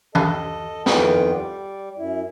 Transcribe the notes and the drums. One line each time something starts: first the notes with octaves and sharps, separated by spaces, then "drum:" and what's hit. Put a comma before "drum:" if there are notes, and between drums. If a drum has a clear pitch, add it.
A4 D#5, drum: tom E3
F2 D#3 E3 B3 F4 G5, drum: snare
G3 D5
F#2 E4